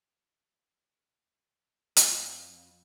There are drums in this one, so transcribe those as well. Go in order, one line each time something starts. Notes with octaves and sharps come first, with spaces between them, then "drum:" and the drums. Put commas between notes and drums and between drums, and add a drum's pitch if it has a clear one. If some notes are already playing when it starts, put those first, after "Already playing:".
F2, drum: hi-hat